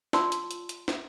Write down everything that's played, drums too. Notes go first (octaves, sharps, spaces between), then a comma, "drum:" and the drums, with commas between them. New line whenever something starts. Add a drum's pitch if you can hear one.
F4 D5 A5 C6 E6, drum: snare
drum: hi-hat
drum: hi-hat
drum: hi-hat
drum: snare